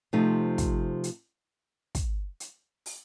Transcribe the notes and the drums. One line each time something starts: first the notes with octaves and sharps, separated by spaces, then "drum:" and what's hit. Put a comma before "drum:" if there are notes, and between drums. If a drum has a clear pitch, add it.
C3 F3 A3 D#4
drum: kick, hi-hat
drum: hi-hat
drum: kick, hi-hat
drum: hi-hat
drum: open hi-hat